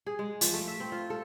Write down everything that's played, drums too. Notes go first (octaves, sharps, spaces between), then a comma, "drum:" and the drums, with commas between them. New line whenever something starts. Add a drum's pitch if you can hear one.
G#4
G#3
F3, drum: hi-hat
A3
E5
C4
F4
A4